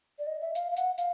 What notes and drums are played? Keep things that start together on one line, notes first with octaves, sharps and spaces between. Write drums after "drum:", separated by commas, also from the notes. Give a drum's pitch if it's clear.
D5
D#5
E5
F5, drum: hi-hat
F5
F#5, drum: hi-hat
F5, drum: hi-hat